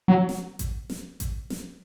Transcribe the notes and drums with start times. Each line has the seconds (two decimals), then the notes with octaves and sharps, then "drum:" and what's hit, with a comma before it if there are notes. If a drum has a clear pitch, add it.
0.08 F#3
0.29 drum: snare
0.59 drum: kick A1, hi-hat
0.90 drum: snare
1.20 drum: kick A1, hi-hat
1.50 drum: snare